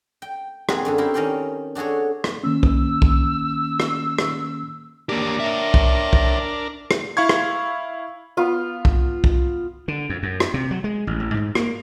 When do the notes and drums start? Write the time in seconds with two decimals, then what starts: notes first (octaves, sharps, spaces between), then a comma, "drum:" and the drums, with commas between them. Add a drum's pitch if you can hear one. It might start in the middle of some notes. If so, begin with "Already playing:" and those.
0.22 G5
0.69 C4 F4 F#4 G#4 A#4, drum: rim click
0.85 F#2 D3 A4
0.98 E4 G4 A4 A#4 C5
1.14 D#3 C#4 A#4 D5 G5 C6
1.75 D4 F#4 G#4 A4 C#5
2.24 drum: rim click
2.43 D#3 A#3 C#4 E6
2.63 drum: kick
3.02 drum: kick
3.80 drum: rim click
4.18 drum: rim click
5.09 A#3 D4 G4 A#4
5.40 C#5 E5
5.74 drum: kick
6.13 drum: kick
6.91 drum: rim click
7.17 E4 F5 C#6 G#6
7.29 drum: rim click
8.37 B3 F4
8.85 drum: kick
9.24 drum: kick
9.88 D3
10.09 F2
10.23 F#2
10.40 drum: rim click
10.54 C3
10.71 F#3
10.84 G#3
11.07 A1
11.20 A1
11.34 G#2
11.55 A#3, drum: rim click